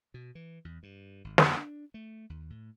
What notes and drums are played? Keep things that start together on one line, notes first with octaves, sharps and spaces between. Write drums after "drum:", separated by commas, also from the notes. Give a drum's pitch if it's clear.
B2
E3
E2
G2
G#1
F2, drum: snare
D4
A3
D#2
A2